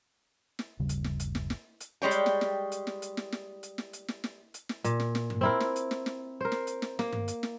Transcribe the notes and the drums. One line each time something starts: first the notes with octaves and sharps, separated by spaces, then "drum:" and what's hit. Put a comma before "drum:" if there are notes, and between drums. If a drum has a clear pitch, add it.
drum: snare
G1 D#2 C#3 G3
drum: hi-hat
drum: snare
drum: hi-hat
drum: snare
drum: snare
drum: hi-hat
G3 G#3 C#5 G5
drum: hi-hat
drum: snare
drum: snare
drum: hi-hat
drum: snare
drum: hi-hat
drum: snare
drum: snare
drum: hi-hat
drum: snare
drum: hi-hat
drum: snare
drum: snare
drum: hi-hat
drum: snare
A#2, drum: hi-hat
drum: snare
drum: snare
drum: tom G2
C4 E4 A#4
drum: snare
drum: hi-hat
drum: snare
drum: snare
A#4 C5
drum: snare
drum: hi-hat
drum: snare
A#3, drum: snare
drum: tom G2
drum: hi-hat
drum: snare